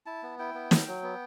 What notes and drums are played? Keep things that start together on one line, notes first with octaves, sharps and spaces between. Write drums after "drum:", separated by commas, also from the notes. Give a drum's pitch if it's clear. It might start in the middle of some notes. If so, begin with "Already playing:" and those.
E4 A5
B3
E4 G5
B3
F#3, drum: snare
F#3
B3